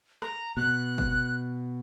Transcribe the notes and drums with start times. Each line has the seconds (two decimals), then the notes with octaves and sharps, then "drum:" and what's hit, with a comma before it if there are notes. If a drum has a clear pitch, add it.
0.22 A#5, drum: rim click
0.57 B2 F#6
0.98 drum: kick